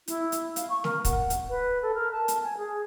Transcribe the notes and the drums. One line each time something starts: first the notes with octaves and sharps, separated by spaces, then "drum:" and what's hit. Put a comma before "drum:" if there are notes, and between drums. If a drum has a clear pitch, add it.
E4, drum: hi-hat
drum: hi-hat
F5, drum: hi-hat
C#6
A#4, drum: snare
F#5, drum: kick, hi-hat
drum: hi-hat
B4
A4
A#4
A5
drum: hi-hat
G#5
G#4